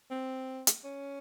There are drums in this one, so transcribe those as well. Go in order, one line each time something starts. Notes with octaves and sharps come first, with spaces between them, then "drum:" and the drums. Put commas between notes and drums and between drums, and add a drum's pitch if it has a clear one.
C4
drum: hi-hat
C#4